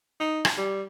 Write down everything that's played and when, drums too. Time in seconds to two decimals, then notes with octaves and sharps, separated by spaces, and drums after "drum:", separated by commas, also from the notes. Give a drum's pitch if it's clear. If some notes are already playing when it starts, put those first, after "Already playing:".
0.20 D#4
0.45 drum: rim click
0.58 G3